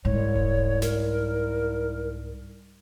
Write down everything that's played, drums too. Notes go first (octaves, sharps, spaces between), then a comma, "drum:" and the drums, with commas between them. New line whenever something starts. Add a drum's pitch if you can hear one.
C2 G#2 C#5
drum: kick E1
A#4, drum: snare